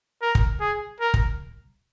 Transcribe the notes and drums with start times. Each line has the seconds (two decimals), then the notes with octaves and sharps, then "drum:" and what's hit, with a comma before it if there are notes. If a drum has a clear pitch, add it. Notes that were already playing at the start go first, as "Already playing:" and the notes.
0.22 A#4
0.35 drum: kick
0.61 G#4
1.00 A#4
1.14 drum: kick